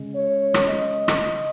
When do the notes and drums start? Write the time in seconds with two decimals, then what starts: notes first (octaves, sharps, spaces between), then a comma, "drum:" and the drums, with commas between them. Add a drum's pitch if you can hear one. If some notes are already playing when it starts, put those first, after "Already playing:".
Already playing: C#3 G#3
0.14 C#5
0.54 drum: rim click
0.68 D#5
1.08 drum: rim click